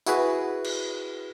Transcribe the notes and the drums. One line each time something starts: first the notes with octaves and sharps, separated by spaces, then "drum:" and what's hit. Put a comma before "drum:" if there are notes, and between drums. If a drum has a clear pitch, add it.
E4 F#4 G#4 B4, drum: tambourine
drum: cymbal